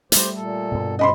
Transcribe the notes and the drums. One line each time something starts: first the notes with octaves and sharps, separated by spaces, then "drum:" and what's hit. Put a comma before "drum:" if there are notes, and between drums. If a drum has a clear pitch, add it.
G3 A3 G4 C5, drum: hi-hat
A#2 A4
G2 B2
F3 D#5 B5 C6